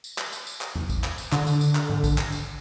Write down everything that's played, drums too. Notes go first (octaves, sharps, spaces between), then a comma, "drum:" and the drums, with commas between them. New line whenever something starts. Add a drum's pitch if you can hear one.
drum: tambourine
drum: clap
drum: tambourine
drum: tambourine
drum: clap
drum: tom E2
drum: kick, tambourine
drum: clap
drum: tambourine
D3, drum: clap
drum: tambourine
drum: tambourine
drum: clap
drum: tom G#2
drum: kick, tambourine
drum: clap
drum: tambourine